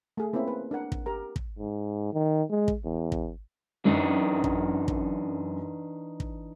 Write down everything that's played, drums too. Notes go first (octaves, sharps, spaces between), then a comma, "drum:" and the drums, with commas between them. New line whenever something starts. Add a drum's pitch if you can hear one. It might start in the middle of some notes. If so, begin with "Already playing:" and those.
A3 G#4
A#3 C4 C#4 E4 E5
B4
D4 A#4 F#5
drum: kick
G4 A#4 A#5
drum: kick
G#2
D#3
G#3
drum: kick
E2
drum: kick
F#2 E3 D4 D#4
drum: kick
drum: kick
drum: kick